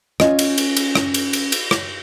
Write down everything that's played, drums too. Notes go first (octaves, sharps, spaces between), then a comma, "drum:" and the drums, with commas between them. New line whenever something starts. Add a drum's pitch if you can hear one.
C#4 F4 D#5, drum: rim click
drum: cymbal
drum: cymbal
drum: cymbal
drum: rim click
drum: cymbal
drum: cymbal
drum: cymbal
drum: rim click